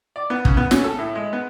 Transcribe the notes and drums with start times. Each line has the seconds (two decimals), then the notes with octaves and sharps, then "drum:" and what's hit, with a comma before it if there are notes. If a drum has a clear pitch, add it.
0.16 D5
0.30 B3
0.45 C#3, drum: kick
0.57 B3
0.71 C#4, drum: snare
0.84 A4
0.99 A2
1.15 G#3
1.33 B3